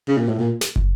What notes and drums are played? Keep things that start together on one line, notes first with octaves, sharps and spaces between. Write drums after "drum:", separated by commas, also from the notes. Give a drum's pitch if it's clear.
C#3
A#2
A2
A#2
drum: snare
drum: kick